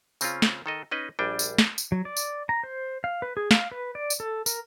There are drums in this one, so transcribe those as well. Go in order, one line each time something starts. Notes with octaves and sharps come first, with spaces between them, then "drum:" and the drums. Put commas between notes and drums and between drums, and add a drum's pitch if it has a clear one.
C#3 C4 C#4 F4, drum: tambourine
drum: snare
D#3 A4 D#5
C#4 D#4 B4 D#5
A#1 G3 D4 G5 G#5
drum: tambourine
drum: snare
drum: tambourine
F#3
D5
drum: tambourine
A#5
C5
F5
B4
G#4
F5, drum: snare
B4
D5
drum: tambourine
A4
A#4, drum: tambourine